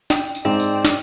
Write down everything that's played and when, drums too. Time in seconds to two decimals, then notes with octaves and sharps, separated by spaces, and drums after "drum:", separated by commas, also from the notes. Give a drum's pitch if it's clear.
0.10 G5, drum: snare
0.35 drum: tambourine
0.45 G#2 C4 D5
0.60 drum: tambourine
0.85 drum: snare